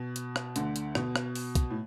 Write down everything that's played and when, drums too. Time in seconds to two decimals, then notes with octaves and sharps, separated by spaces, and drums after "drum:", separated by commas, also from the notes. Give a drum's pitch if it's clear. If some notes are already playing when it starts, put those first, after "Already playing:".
Already playing: B2
0.16 drum: hi-hat
0.36 drum: rim click
0.56 D2 D3, drum: hi-hat
0.76 drum: hi-hat
0.95 B2, drum: rim click
1.16 drum: rim click
1.36 drum: open hi-hat
1.55 drum: kick B1, hi-hat
1.70 A2